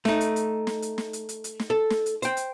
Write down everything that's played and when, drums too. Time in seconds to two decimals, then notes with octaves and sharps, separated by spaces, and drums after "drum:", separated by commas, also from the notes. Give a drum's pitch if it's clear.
0.05 A3 D#4, drum: snare
0.21 drum: hi-hat
0.36 drum: hi-hat
0.67 drum: snare
0.82 drum: hi-hat
0.98 drum: snare
1.13 drum: hi-hat
1.29 drum: hi-hat
1.44 drum: hi-hat
1.60 drum: snare
1.70 A4
1.90 drum: snare
2.06 drum: hi-hat
2.22 C5 G5, drum: hi-hat
2.37 drum: hi-hat